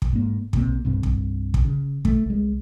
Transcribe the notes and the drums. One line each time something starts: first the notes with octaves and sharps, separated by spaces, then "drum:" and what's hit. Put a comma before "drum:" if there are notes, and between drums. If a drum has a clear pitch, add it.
drum: kick
G#2 A#3
B1 C3 A#3, drum: kick
C2 G2 C3
drum: kick
drum: kick
C#3
A3, drum: kick
C2 G#3